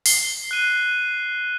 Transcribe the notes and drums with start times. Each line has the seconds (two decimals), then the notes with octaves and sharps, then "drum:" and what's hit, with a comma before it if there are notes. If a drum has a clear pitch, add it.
0.06 C7 G7, drum: open hi-hat
0.51 F#6 D#7